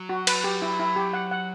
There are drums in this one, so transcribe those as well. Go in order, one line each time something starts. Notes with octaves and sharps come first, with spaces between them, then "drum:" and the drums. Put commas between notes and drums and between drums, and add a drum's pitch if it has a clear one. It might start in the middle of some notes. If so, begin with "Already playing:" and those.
Already playing: F#3
F#4
B4, drum: cymbal
G4
E4
E4
G4
F#5
F#5